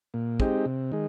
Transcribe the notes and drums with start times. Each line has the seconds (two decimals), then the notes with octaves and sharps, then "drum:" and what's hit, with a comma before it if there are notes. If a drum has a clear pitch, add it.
0.14 A#2
0.40 G#3 C4 D#4 G4, drum: kick
0.66 C3
0.92 D#3 G#3